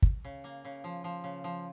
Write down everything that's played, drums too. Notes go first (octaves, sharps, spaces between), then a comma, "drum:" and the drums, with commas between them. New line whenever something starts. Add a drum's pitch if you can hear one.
drum: kick
C#3
A#3
C#3
F3
F3
C#3
F3